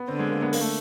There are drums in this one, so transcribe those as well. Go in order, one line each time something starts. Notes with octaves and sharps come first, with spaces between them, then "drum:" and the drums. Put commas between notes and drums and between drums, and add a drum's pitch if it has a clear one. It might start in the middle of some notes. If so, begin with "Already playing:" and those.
Already playing: B3
D3 C4
G#3
A#3
B3
A#3, drum: open hi-hat
A3